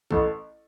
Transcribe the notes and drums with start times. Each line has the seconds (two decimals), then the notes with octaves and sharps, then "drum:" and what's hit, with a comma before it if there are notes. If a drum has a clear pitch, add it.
0.11 A1 A4, drum: kick A#1